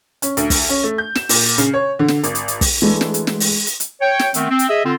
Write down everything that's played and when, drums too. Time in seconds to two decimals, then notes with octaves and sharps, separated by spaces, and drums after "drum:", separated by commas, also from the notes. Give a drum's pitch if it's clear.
0.22 C#4, drum: hi-hat
0.37 D2, drum: hi-hat
0.50 drum: kick, open hi-hat
0.69 C#4
0.84 A3
0.98 G6
1.15 E7, drum: snare
1.29 A#2, drum: open hi-hat
1.58 C#3, drum: hi-hat
1.74 C#5
1.99 D3
2.08 drum: snare
2.23 G#1, drum: hi-hat
2.35 drum: hi-hat
2.48 drum: hi-hat
2.61 drum: kick, open hi-hat
2.82 E3 G#3 A3 D4
3.01 drum: snare
3.14 drum: hi-hat
3.27 drum: snare
3.40 drum: open hi-hat
3.67 drum: hi-hat
3.80 drum: hi-hat
4.01 C#5 G5
4.19 drum: snare
4.34 D#3 A3 B3 C4, drum: hi-hat
4.49 C4
4.59 drum: hi-hat
4.68 G#4 D#5 E5
4.84 D3 C4 F4